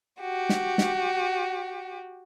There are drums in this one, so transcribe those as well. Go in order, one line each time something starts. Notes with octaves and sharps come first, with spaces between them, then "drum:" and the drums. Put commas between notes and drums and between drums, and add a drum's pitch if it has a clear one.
F#4 G4
drum: snare
drum: snare